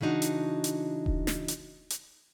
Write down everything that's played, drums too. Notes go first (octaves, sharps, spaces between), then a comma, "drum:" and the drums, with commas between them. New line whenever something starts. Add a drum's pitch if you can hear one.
C#3 E3 D4 D#4 F#4
drum: hi-hat
drum: hi-hat
drum: kick D#1
drum: snare
drum: hi-hat
drum: hi-hat